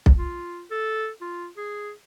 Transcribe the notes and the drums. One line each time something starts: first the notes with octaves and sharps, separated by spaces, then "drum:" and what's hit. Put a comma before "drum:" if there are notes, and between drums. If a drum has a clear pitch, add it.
drum: kick B1
F4
A4
F4
G#4